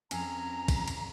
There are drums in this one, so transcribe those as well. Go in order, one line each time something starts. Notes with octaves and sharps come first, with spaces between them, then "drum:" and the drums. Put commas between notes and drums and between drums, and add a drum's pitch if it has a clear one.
F2 C#4 G#5 A#5, drum: cymbal
drum: kick, cymbal
drum: cymbal